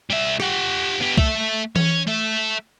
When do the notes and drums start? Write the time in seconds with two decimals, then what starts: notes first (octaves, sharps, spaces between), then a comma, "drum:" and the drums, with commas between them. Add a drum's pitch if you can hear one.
0.10 G3 E5
0.40 G4 F#5, drum: rim click
1.01 B3 G4
1.17 A3 E5, drum: kick C2
1.76 C#4, drum: tom E3
2.07 A3 E5